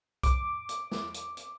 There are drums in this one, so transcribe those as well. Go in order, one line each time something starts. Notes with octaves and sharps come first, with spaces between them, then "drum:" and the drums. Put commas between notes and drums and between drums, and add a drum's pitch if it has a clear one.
D6, drum: kick B1, hi-hat
drum: hi-hat
drum: snare
drum: hi-hat
drum: hi-hat